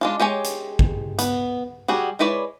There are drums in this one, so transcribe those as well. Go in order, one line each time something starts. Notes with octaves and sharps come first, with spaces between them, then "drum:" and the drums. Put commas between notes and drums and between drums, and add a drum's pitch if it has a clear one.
G#3 D4 F4
G#3 G4 C#5 G#5
drum: hi-hat
drum: kick A1
B3, drum: hi-hat
G3 F#4 G#4
G#3 E4 B4 C#5 D5